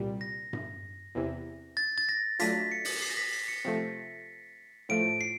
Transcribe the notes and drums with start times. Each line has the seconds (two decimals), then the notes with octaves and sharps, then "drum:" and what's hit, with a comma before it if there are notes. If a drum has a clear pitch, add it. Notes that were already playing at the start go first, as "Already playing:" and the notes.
Already playing: C2 A#2 G3
0.21 A#6
0.53 drum: tom G2
1.15 E2 C3 E3
1.77 A6
1.98 A6
2.09 A#6
2.39 F#3 A3 D4 F4 B6, drum: hi-hat
2.72 C#7
2.85 drum: open hi-hat
3.02 C7
3.10 A#6
3.17 B6
3.33 C7
3.48 C#7
3.65 C3 F3 A3
4.89 A2 F3 A3 D7
5.21 C7